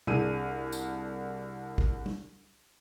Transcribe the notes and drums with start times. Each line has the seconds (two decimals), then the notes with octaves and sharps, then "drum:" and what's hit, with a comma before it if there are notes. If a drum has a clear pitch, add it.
0.07 C2 D4 G#4 D#7, drum: tom C3
0.72 drum: tambourine
1.78 drum: kick
2.06 drum: tom G3